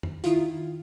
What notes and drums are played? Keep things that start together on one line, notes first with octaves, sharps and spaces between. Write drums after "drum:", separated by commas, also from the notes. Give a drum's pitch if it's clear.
drum: tom F2
D#3 E4 F4, drum: hi-hat